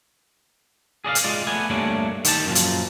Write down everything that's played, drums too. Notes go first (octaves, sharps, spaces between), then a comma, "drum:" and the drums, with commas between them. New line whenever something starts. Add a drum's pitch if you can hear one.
G#4 D5 D#5 F5
drum: hi-hat
G#3 F4 D5
A3 B3 G#5
G2 A3 A#3 D4 C#5 D5
D#3 G4 A5, drum: hi-hat
F#2 A#2 D3 F3
drum: hi-hat